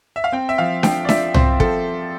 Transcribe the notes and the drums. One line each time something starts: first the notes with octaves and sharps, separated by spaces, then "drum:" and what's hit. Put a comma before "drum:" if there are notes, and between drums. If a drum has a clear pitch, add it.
E5
F5
C4 G5
E5
F3 F5
F3 G5, drum: snare D4
D5
F4 E5, drum: snare D4
C4 C5, drum: tom
F3 A4, drum: kick